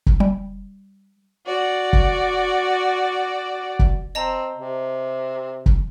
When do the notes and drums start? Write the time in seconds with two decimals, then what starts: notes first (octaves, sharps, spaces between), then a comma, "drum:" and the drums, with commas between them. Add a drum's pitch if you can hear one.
0.06 drum: kick
0.20 G3
1.46 F#4 D5
1.93 drum: kick
3.79 drum: kick
4.15 C4 D#5 A5 A#5
4.56 C3
5.66 drum: kick